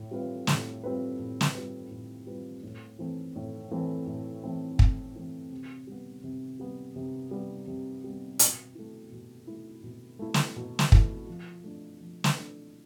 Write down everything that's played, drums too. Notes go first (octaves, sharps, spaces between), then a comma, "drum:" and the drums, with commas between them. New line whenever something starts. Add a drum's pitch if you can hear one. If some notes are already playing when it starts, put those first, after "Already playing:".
Already playing: A2
G3 C4 F4 B4
A2, drum: snare
G3 C4 F4 B4
A2
drum: snare
G3 C4 F4 B4
A2
G3 C4 F4 B4
A2
E3 A3 C4
A2
E3 A3 C4
A2
E3 A3 C4
A2, drum: kick
E3 A3 C4
C3
G3 B3
C3
G3 B3
C3
G3 B3
C3
G3 B3
B2, drum: hi-hat
A3 E4
B2
A3 E4
B2
A3 E4
drum: snare
B2
drum: snare
A3 E4, drum: kick
F3
A3 D4
F3
drum: snare
A3 D4